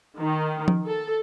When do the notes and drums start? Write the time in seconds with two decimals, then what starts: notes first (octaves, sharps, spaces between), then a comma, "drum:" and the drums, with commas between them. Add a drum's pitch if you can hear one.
0.19 D#3
0.68 drum: tom F3
0.87 A4